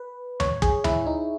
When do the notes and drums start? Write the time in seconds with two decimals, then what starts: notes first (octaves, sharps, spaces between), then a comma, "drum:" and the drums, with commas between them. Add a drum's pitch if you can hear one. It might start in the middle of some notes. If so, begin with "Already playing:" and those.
Already playing: B4
0.40 C#5, drum: tom D2
0.62 G#4, drum: kick
0.84 E4, drum: tom D2
1.06 D#4